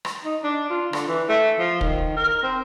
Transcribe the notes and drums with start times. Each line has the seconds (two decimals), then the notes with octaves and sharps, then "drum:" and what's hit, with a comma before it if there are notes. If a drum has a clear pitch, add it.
0.05 drum: rim click
0.24 D#4
0.43 D4
0.70 F4
0.93 D3, drum: rim click
1.08 E3
1.29 A3
1.59 F3
1.81 D#3, drum: kick
2.17 A#4
2.43 C4